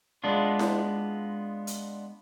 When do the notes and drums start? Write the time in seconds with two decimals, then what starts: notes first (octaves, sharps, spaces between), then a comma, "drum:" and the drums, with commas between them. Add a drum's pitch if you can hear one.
0.24 G#3 B3 D4 F4
0.59 drum: snare E4
1.67 drum: hi-hat